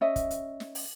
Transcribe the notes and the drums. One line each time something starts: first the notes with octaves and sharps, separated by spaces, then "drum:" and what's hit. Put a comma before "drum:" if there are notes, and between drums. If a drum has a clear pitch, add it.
C#4 D#5 E5
drum: kick, hi-hat
drum: hi-hat
drum: snare
drum: open hi-hat